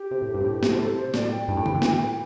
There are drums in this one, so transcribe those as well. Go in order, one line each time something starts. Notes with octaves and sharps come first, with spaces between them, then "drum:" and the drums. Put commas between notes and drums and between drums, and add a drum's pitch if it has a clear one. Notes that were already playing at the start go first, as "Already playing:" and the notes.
Already playing: G4
C3
A2
G2
C3
A2
C3, drum: snare
A2 C5
C3 A4
C5
A2 D5, drum: snare
G5
G2
A2
C3, drum: tom D3
D3
E3, drum: snare
A2